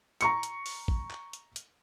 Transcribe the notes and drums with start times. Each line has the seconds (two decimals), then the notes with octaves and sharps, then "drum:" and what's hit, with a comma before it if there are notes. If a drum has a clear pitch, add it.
0.21 A#5 C#6 C#7, drum: hi-hat
0.43 drum: hi-hat
0.66 drum: open hi-hat
0.88 drum: kick
1.11 drum: clap
1.33 drum: hi-hat
1.56 drum: hi-hat